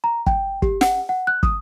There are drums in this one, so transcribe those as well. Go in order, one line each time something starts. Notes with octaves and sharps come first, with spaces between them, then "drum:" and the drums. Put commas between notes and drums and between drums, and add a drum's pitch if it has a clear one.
A#5
G5, drum: kick
G4, drum: kick
F#5, drum: snare
F#5
F#6
D#6, drum: kick